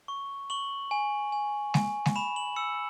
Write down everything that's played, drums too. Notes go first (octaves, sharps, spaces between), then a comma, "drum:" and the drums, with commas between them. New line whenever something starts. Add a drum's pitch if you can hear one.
C#6
C#6 F#7
G#5
G#5
G#5, drum: snare G#3
drum: snare G#3
B5 E7
F#7
E6 C#7